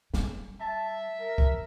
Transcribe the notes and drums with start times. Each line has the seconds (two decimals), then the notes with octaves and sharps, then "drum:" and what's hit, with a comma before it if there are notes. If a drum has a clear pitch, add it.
0.14 G3, drum: snare
0.60 E5 A5
1.21 A#4
1.38 drum: kick C2